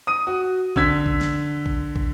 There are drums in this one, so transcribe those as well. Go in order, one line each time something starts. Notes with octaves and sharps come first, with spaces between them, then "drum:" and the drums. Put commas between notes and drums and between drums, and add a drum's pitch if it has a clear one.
D#6 D#7
F#4
D3 E6 G#6 B6, drum: kick
drum: kick
drum: snare
drum: kick
drum: kick